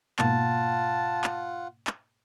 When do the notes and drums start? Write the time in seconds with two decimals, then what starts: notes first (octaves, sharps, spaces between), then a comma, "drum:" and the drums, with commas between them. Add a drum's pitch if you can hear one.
0.19 G#2 B2 A#3 F4 F#5 A5, drum: clap
1.24 drum: clap
1.87 drum: clap